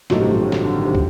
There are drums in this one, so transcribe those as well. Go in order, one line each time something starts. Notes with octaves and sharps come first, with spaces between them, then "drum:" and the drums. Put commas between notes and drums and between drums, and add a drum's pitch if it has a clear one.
A1 G2 A#2 F#3 A3 D#4, drum: snare
C3
A#2
A2
A#2, drum: snare
D3
D#3
C3
drum: kick